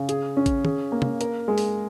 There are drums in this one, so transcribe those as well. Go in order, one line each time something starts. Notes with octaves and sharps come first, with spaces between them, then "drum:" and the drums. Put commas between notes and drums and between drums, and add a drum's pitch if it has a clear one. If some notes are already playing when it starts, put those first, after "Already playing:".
Already playing: C#3
G#4, drum: hi-hat
C#4
drum: kick G#1, hi-hat
G#4, drum: tom
A#3
drum: tom
A#4, drum: hi-hat
G#3
drum: open hi-hat